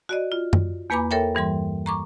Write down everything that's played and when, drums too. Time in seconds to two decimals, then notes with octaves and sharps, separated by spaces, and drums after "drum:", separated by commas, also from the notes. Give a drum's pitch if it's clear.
0.09 F#4 D5 D#5
0.32 F4
0.53 drum: tom F#2
0.90 E2 A#3 B4 G#5 B5 D6
1.11 A4 A#4 C#5 E5 G5
1.35 G2 E3 G3 C6
1.86 A#5 C#6 D6